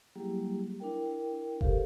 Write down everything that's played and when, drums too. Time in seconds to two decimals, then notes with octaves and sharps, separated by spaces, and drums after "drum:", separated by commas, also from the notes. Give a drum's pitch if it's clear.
0.16 F#3 G3 A#3 E4 G4 G#4
0.80 D4 E4 A#4 G5
1.61 G4 A4 A#4 C5 F5, drum: kick F1